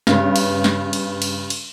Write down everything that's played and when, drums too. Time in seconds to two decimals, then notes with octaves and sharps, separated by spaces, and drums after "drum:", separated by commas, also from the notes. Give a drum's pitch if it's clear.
0.07 G2 C#3 B3, drum: snare
0.36 drum: cymbal
0.64 drum: snare
0.93 drum: cymbal
1.22 drum: cymbal
1.50 drum: cymbal